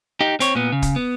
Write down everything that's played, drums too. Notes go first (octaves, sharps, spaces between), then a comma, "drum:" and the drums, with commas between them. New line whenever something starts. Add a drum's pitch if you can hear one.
D#4 G4
C4 C#5, drum: hi-hat
A#2 B3
C#3
drum: kick, hi-hat
B3